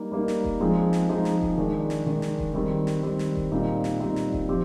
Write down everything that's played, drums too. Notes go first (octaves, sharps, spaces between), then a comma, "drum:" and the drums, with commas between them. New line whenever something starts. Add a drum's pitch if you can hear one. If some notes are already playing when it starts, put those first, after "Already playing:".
Already playing: G3 A#3 D#4
G3 A#3 D#4
drum: snare
drum: kick E1
F3 G#3 C4 D#4 G#4
drum: snare
F3 G#3 C4 D#4 G#4
drum: snare
drum: kick E1
D#3 G#3 D4
drum: snare
D#3 G#3 D4
drum: snare
drum: kick E1
D#3 G3 C4
drum: snare
D#3 G3 C4
drum: snare
drum: kick E1
A#2 G3 C4 D#4
drum: snare
A#2 G3 C4 D#4
drum: snare
drum: kick E1
F3 C4 G4